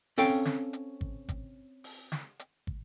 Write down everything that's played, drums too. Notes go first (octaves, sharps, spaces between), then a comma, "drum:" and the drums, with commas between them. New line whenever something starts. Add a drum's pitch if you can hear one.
C4 C#4 A4 F5 G5, drum: open hi-hat
drum: snare
drum: hi-hat
drum: kick
drum: kick, hi-hat
drum: open hi-hat
drum: snare
drum: hi-hat
drum: kick